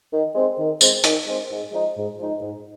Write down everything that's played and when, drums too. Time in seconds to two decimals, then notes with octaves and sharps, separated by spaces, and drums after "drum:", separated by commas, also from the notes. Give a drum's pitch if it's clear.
0.12 D#3
0.35 G#3 C4
0.59 D#3
0.81 G#3 C4, drum: tambourine
1.04 D#3, drum: hi-hat
1.27 G#3 C4
1.50 G#2
1.72 F3 G#3 D#4
1.96 G#2
2.19 F3 G#3 D#4
2.41 G#2